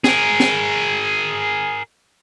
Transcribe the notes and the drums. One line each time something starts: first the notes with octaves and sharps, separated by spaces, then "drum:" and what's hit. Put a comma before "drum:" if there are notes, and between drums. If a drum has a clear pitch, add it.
G#4 A#4, drum: snare
drum: snare